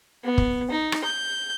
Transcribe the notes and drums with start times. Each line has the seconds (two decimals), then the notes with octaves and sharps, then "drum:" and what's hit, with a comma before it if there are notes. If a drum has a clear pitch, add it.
0.24 B3
0.38 drum: kick
0.70 D#4
0.92 drum: rim click
1.04 G6